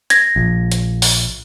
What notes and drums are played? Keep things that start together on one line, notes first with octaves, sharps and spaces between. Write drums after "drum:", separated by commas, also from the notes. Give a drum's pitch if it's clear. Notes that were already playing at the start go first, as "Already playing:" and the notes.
G#6 A#6, drum: hi-hat
A#1
drum: hi-hat
drum: open hi-hat